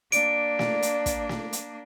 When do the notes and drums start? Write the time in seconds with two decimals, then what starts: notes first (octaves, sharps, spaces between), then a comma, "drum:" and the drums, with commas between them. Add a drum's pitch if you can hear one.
0.12 A#3 D4 D5 D7, drum: hi-hat
0.59 drum: snare
0.82 drum: hi-hat
1.06 drum: kick, hi-hat
1.29 drum: snare
1.53 drum: hi-hat